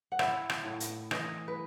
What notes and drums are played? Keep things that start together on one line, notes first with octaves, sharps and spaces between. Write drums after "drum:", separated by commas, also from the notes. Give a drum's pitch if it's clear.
F#5
E4 E5, drum: rim click
drum: rim click
A2
drum: hi-hat
E3 D#5, drum: rim click
B4